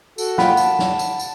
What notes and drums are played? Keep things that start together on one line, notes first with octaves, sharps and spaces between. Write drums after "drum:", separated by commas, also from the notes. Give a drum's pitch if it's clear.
F#4 A4, drum: tambourine
A#3 F4 F#5 G5 B5, drum: snare
A5, drum: tambourine
drum: snare
drum: tambourine
drum: tambourine